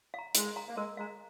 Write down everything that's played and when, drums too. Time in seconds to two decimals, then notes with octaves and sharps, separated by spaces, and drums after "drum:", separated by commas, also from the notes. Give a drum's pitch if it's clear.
0.14 F5 A#5
0.35 G#3 A#4, drum: hi-hat
0.56 F5 A#5
0.68 A#3
0.76 G#3 A#4
0.97 G#3 F5 A#5